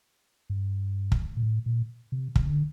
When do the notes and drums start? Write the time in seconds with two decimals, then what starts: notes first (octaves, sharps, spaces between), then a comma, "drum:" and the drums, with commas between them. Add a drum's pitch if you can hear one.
0.50 G2
1.12 drum: kick
1.37 A#2
1.43 A2
1.66 A#2
2.12 C3
2.36 C#3, drum: kick
2.49 D3